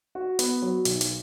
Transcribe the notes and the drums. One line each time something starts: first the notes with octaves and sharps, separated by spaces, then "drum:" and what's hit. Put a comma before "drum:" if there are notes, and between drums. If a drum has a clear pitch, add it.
F#4
B3, drum: hi-hat
F#3
B1, drum: hi-hat
drum: hi-hat